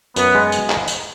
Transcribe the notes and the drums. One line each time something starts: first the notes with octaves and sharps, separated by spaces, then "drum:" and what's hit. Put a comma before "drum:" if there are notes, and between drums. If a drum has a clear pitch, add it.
F#2 B3, drum: tambourine
G#3
drum: tambourine
drum: clap
drum: tambourine